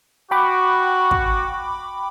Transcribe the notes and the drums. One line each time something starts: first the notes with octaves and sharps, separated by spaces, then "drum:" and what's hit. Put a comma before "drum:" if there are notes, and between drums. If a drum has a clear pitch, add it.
F#4 G5 B5 D6
drum: kick